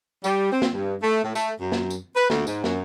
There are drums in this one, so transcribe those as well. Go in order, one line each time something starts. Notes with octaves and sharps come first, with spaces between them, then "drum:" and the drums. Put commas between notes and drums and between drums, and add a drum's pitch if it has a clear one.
G3, drum: tambourine
C4
drum: snare
G2
A3
A2
A3, drum: tambourine
F#2
drum: snare
drum: tambourine
B4
D2, drum: snare
G#2, drum: tambourine
F#2, drum: snare